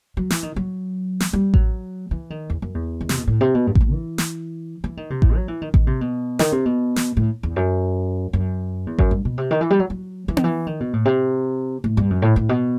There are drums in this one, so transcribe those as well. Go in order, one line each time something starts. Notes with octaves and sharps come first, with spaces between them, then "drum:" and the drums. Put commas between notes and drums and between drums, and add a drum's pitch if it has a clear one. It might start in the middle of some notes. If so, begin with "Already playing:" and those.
F#3
E3, drum: snare
D#3
F#3
drum: snare
G3
F#3, drum: kick A1
E3
D#3
E2
F#2
E2
D#3
C3, drum: snare
B2
A2
C3
B2
G2
B2, drum: kick A1
A2
E3
drum: snare
E3
D#3
C3
A2, drum: kick A1
F#3
E3
D#3
D#3, drum: kick A1
C3
B2
D#3, drum: snare
C3
B2
drum: snare
A2
E2
F#2
F#2
E2
F#2, drum: kick A1
G2
B2
C3
D#3
E3
G3
F#3
F#3
E3
D#3, drum: tom B3
E3
D#3
B2
A2
C3
A2
G2
F#2
A2
A2
B2